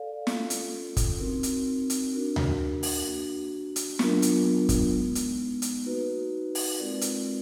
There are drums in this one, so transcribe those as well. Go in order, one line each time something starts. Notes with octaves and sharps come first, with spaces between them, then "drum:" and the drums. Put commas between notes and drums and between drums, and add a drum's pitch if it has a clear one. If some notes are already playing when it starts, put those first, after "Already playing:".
Already playing: A4 D5 F5
C#4 F4 A4, drum: snare
drum: hi-hat
drum: kick, hi-hat
C4 D#4 F#4 A#4
drum: hi-hat
drum: hi-hat
D4 F#4 A#4
drum: tom D2
drum: open hi-hat
A#3 D4 F#4
drum: hi-hat
F#3 B3 D4 F4 A#4, drum: snare
drum: hi-hat
drum: kick, hi-hat
G#3 B3 D#4
drum: hi-hat
drum: hi-hat
A#3 D#4 F#4 B4
drum: open hi-hat
G#3 C4 F4 A#4 D5
drum: hi-hat